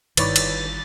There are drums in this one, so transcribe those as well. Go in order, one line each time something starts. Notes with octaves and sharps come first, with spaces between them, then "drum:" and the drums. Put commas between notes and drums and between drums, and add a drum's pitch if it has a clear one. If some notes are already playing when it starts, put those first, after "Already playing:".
G1 D#3 E4 B4 C#5 D5 A6, drum: cymbal
drum: cymbal